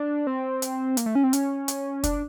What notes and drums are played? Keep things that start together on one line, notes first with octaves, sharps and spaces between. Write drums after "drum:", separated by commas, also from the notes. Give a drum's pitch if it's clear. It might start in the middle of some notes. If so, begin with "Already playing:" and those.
Already playing: D4
C4
drum: hi-hat
A#3, drum: hi-hat
A3
C#4
C4
C#4, drum: hi-hat
drum: hi-hat
D4, drum: kick, hi-hat